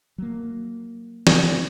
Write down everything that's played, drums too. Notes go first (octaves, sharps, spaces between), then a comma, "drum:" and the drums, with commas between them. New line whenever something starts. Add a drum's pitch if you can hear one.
F#3 A#3
drum: snare